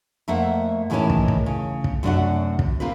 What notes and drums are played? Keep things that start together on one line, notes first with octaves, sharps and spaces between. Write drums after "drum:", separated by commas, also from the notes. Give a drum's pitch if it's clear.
F2 A3 A#3 E5 F#5
A2 D#3 E3 G#3 C#4 A5
drum: kick
drum: kick
C#3
drum: kick
F#2 C3 A3 D4 F#4 F#5
drum: kick
A#3 C4 F4 B4